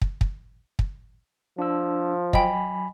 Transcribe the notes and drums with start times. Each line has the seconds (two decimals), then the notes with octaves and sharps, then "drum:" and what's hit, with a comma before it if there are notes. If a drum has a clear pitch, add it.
0.02 drum: kick
0.21 drum: kick
0.79 drum: kick
1.59 F3 D4 E6
2.33 F#3 D#5 G5 G#5 B5, drum: kick